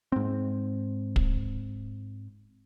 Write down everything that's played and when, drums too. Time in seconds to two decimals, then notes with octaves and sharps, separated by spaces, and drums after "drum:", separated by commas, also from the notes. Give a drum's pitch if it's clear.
0.12 G#2 C4
1.16 drum: kick